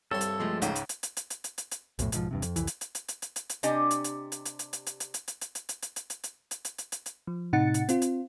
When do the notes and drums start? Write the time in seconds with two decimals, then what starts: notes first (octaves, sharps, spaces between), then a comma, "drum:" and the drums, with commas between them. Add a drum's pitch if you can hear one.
0.11 C2 G2 A4 C#5 C6
0.21 drum: hi-hat
0.40 F3 G#3 A3
0.62 C#2 G#2 C#3 C5, drum: hi-hat
0.75 drum: hi-hat
0.89 drum: hi-hat
1.03 drum: hi-hat
1.17 drum: hi-hat
1.30 drum: hi-hat
1.44 drum: hi-hat
1.58 drum: hi-hat
1.71 drum: hi-hat
1.99 B1 F2 A2, drum: hi-hat
2.12 B1 G#2 D3 F3, drum: hi-hat
2.31 E2 G2 C3
2.42 F2, drum: hi-hat
2.56 C2 F2 E3, drum: hi-hat
2.67 drum: hi-hat
2.81 drum: hi-hat
2.95 drum: hi-hat
3.08 drum: hi-hat
3.22 drum: hi-hat
3.36 drum: hi-hat
3.49 drum: hi-hat
3.63 C3 D4 G4 D#5 G#5, drum: hi-hat
3.91 drum: hi-hat
4.04 drum: hi-hat
4.32 drum: hi-hat
4.45 drum: hi-hat
4.59 drum: hi-hat
4.73 drum: hi-hat
4.86 drum: hi-hat
5.00 drum: hi-hat
5.14 drum: hi-hat
5.28 drum: hi-hat
5.41 drum: hi-hat
5.55 drum: hi-hat
5.69 drum: hi-hat
5.82 drum: hi-hat
5.96 drum: hi-hat
6.10 drum: hi-hat
6.23 drum: hi-hat
6.51 drum: hi-hat
6.65 drum: hi-hat
6.78 drum: hi-hat
6.92 drum: hi-hat
7.06 drum: hi-hat
7.27 F3
7.53 A2 C3 D#4 F#5 A6 C#7
7.74 drum: hi-hat
7.89 C4 F4, drum: hi-hat
8.02 drum: hi-hat